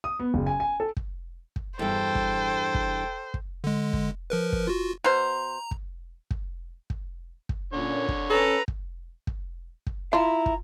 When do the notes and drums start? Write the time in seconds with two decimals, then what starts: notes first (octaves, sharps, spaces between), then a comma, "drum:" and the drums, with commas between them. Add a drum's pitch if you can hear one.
0.04 D#6
0.20 B3
0.34 F#1
0.47 G#5
0.60 G#5
0.80 A4
0.97 drum: kick
1.56 drum: kick
1.79 E2 G2 A4 C5 G5
2.15 drum: kick
2.75 drum: kick
3.34 drum: kick
3.64 D3 G#3
3.93 drum: kick
4.30 F3 A#4 B4
4.53 drum: kick
4.67 F4 F#4
5.04 B2 C5 A#5
5.71 drum: kick
6.31 drum: kick
6.90 drum: kick
7.49 drum: kick
7.73 A#2 D3 C#4 C#5
8.09 drum: kick
8.30 C#4 A4 B4 A#5
8.68 drum: kick
9.27 drum: kick
9.87 drum: kick
10.13 E4 F4 A5 A#5
10.46 drum: kick